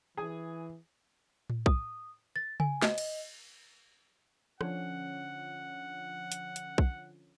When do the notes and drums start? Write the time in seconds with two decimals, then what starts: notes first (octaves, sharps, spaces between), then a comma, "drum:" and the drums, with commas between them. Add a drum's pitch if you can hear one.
0.17 E3 G#4 G#5
1.50 drum: tom A2
1.66 D#6, drum: kick B1
2.36 A6
2.60 G#5, drum: tom C#3
2.82 D#5, drum: snare
2.98 drum: cymbal
4.61 D3 F3 C#4 F#5, drum: rim click
6.32 drum: hi-hat
6.56 drum: hi-hat
6.78 drum: kick B1